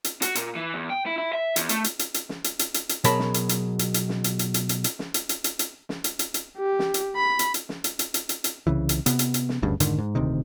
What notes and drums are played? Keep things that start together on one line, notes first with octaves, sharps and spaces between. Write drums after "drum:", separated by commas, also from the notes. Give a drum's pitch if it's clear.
drum: hi-hat
F#4, drum: hi-hat
A#2, drum: hi-hat
E3
E2
G5
E4
E4
E5
E2, drum: hi-hat
A3, drum: hi-hat
drum: hi-hat
drum: hi-hat
drum: hi-hat
drum: snare
drum: hi-hat
drum: hi-hat
drum: hi-hat
drum: hi-hat
B2 F#3 G#4 A#4 A5 B5, drum: hi-hat
drum: snare
drum: hi-hat
drum: hi-hat
drum: hi-hat
drum: hi-hat
drum: snare
drum: hi-hat
drum: hi-hat
drum: hi-hat
drum: hi-hat
drum: hi-hat
drum: snare
drum: hi-hat
drum: hi-hat
drum: hi-hat
drum: hi-hat
drum: snare
drum: hi-hat
drum: hi-hat
drum: hi-hat
G4
drum: snare
drum: hi-hat
B5
drum: hi-hat
drum: hi-hat
drum: snare
drum: hi-hat
drum: hi-hat
drum: hi-hat
drum: hi-hat
drum: hi-hat
C2 C#3 E3
drum: hi-hat
C3 B3, drum: hi-hat
drum: hi-hat
drum: hi-hat
drum: snare
F#1 D2 G2 C#3
F1 G#2 D3 D#3, drum: hi-hat
G#2
D#1 D2 C3 D#3